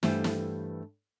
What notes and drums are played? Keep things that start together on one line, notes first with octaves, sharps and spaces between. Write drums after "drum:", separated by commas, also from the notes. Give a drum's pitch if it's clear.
G2 E3 A3 G4 C5 F#5, drum: snare
drum: snare